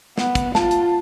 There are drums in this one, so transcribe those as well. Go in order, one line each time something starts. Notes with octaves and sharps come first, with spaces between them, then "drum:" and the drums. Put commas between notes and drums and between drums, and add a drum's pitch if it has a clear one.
B3, drum: snare
drum: kick, hi-hat
F4 A5, drum: snare
drum: hi-hat